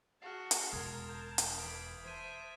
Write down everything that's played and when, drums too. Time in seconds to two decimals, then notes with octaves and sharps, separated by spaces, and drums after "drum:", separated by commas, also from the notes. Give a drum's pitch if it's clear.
0.22 F#4 G#4 A5 F6 C7
0.51 drum: hi-hat
0.73 E1 A#4 A5 C6 D#6 G#6
1.09 G6
1.38 drum: hi-hat
1.60 E3 B5 D#6 D7
2.04 C5 E5 A5 G6 G#6 D#7